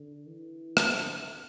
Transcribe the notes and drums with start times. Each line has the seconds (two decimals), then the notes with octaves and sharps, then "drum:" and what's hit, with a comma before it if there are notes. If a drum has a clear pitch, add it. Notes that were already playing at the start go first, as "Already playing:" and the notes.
Already playing: D3
0.27 E3
0.77 D3, drum: rim click